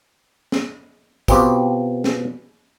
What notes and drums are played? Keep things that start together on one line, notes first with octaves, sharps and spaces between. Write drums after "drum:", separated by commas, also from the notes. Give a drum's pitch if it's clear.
drum: snare
B2 C4 F4 G4, drum: kick, tambourine
drum: snare